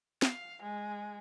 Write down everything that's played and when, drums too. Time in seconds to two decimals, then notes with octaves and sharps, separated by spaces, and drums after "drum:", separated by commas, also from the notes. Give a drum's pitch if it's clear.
0.22 F5, drum: snare
0.63 G#3